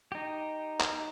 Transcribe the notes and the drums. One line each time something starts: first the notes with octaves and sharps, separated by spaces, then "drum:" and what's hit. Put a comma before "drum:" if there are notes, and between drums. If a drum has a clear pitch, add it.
D#4 G4
drum: clap